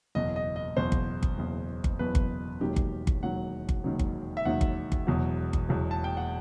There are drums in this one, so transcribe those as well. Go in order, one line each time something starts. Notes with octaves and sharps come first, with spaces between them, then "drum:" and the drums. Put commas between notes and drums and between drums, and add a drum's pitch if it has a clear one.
F#1 E2 B2 D#5
D#5
D#5
F#1 E2 B2 C5
drum: kick G1
drum: kick G1
F#1 E2 B2
drum: kick G1
F#1 E2 B2 B4
drum: kick G1
E1 D#2 D#3 F#3 G4
drum: kick G1
drum: kick G1
E1 D#2 D#3 F#3 F#5
drum: kick G1
E1 D#2 D#3 F#3
drum: kick G1
E5
E1 D#2 D#3 F#3 F#5
drum: kick G1
drum: kick G1
E1 E2 B2 F#3
drum: kick G1
E1 E2 B2 F#3
A5
G5
F#5